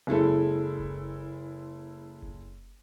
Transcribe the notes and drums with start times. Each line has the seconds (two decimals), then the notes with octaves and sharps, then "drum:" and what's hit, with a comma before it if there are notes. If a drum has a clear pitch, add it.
0.07 F#1 G#3 E4 A4
0.79 drum: kick F#1
2.22 drum: kick F#1